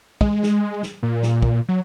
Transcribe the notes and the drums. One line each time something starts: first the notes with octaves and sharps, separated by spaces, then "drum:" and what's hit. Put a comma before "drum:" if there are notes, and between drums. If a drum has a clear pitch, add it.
G#3, drum: kick
drum: snare
drum: snare
A#2
drum: snare
drum: kick
F#3